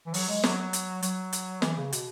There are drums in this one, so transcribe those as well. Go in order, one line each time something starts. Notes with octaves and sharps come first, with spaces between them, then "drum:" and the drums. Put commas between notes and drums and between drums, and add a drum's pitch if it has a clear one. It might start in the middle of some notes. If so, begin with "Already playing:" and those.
E3
F#3, drum: open hi-hat
G#3
F#3, drum: snare
drum: hi-hat
F#3, drum: hi-hat
drum: hi-hat
E3, drum: snare
C#3
B2, drum: hi-hat